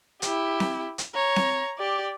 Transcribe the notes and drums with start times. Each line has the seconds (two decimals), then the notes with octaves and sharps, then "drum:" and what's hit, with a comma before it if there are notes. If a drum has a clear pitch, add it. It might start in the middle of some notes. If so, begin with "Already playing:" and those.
0.22 E4 G4, drum: hi-hat
0.60 drum: snare C4
0.98 drum: hi-hat
1.14 C#5 A#5
1.36 drum: snare C4
1.78 G4 D5